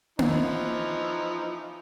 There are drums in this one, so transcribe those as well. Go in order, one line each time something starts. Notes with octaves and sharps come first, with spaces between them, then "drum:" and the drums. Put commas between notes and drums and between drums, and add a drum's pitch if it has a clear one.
E3 F3 D#4, drum: tom A#3